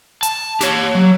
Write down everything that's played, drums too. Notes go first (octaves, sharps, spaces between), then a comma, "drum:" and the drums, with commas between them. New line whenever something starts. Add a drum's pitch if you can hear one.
A5, drum: hi-hat
G4 C#5, drum: snare
F#3